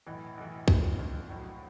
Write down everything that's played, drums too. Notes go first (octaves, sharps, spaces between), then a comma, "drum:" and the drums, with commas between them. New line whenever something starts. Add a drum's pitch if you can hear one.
B1 A2 E3
B1 A2 E3
D#2 D3 F3, drum: kick
D#2 D3 F3
A#1 A2 F#3